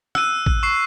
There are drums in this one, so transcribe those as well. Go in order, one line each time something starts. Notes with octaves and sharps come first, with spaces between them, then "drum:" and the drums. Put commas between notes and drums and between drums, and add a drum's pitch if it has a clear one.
E6 F#6 D#7, drum: rim click
drum: kick A1
C#6 C7